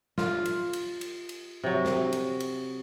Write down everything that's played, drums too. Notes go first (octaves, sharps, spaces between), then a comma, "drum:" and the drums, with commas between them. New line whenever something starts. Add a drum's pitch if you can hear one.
F4, drum: snare
drum: cymbal
drum: cymbal
drum: cymbal
drum: cymbal
C3 F#3
drum: snare
drum: cymbal
drum: cymbal